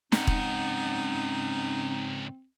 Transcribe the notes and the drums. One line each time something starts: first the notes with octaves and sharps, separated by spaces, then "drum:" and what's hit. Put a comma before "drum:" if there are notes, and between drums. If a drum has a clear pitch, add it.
C#2 G#2 C4 C#4 D#4 F#5, drum: snare
drum: kick E1